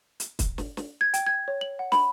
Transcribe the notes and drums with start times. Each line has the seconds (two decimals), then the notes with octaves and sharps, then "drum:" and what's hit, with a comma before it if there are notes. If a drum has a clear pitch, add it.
0.20 drum: hi-hat
0.39 drum: kick, hi-hat
0.58 drum: snare
0.77 drum: snare
1.01 G#6
1.14 G5, drum: hi-hat
1.27 G#6
1.48 C#5
1.61 F#7
1.79 F#5
1.92 B5, drum: snare